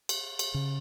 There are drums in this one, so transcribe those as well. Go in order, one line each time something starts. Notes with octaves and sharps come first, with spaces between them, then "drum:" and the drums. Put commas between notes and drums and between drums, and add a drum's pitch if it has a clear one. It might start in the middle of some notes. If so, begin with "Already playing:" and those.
drum: cymbal
drum: cymbal
C#3